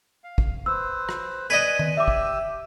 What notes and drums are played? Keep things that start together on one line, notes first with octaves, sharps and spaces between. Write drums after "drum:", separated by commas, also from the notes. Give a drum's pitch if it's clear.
F5
drum: kick
B4 C5 E6
drum: rim click
B4 D5 D#5 G#5 G#6 D#7
drum: tom
G4 E5 D6 E6
drum: kick